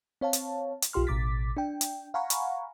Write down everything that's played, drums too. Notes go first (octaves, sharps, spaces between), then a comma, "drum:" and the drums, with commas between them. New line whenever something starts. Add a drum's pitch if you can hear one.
C4 C#5 F5 A5
drum: hi-hat
drum: hi-hat
B1 F4 G4 C6 F6
A1 B2 D6 A6 B6
D4 G5
drum: hi-hat
F5 F#5 G#5 A#5 B5 C#6
drum: hi-hat